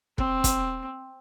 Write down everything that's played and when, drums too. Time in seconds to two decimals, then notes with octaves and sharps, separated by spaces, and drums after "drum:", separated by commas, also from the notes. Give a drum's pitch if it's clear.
0.18 C4, drum: kick
0.44 drum: kick, hi-hat